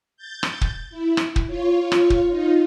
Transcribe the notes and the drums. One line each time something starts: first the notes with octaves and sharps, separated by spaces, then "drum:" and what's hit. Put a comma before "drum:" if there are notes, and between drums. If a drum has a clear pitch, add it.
G6 A6
drum: rim click
drum: kick
E4
drum: rim click
drum: kick
F4 C#5
drum: rim click
drum: kick
D#4 F4